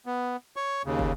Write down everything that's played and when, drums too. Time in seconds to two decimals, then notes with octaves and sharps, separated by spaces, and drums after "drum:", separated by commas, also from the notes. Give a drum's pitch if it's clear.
0.06 B3
0.56 C#5 C#6
0.85 D#2 C#3
0.99 drum: kick